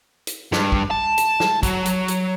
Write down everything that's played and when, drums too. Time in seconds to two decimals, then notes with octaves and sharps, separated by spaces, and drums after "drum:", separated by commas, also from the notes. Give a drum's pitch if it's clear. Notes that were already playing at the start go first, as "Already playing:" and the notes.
0.27 drum: hi-hat
0.52 G2, drum: snare
0.72 drum: kick
0.91 A5
1.18 drum: hi-hat
1.40 drum: snare
1.63 F#3, drum: kick, hi-hat
1.85 drum: hi-hat
2.08 drum: hi-hat